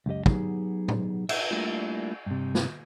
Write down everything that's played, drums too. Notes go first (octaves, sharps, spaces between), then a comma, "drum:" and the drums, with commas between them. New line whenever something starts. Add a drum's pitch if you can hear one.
C#2 F#2 G4 D#5
F#3 B3 D#4 G4 G#4, drum: kick
drum: tom A2
B4 D#5 E5, drum: cymbal
G3 A3 A#3 D4 E4 F4
G2 C3
drum: snare